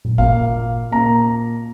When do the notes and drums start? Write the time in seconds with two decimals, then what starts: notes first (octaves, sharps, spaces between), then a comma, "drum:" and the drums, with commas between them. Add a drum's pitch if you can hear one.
0.05 drum: tom A#2
0.18 A#2 A#3 F5, drum: kick G#1
0.91 A#2 A#3 A#5